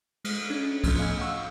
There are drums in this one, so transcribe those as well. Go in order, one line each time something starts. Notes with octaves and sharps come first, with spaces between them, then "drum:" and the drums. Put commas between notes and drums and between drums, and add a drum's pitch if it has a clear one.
G#3, drum: cymbal
C#4 D4
F3 A3 B3 C#4, drum: kick C2, cymbal
D#5 F5 G#5 E6 G#6
F5 F#5 C#6 E6